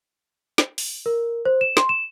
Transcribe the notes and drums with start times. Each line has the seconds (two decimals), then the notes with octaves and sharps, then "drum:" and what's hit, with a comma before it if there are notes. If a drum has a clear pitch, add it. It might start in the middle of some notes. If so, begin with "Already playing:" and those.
0.58 drum: snare
0.78 drum: open hi-hat
1.06 A#4
1.45 C5
1.61 E7
1.77 C6, drum: snare
1.89 E7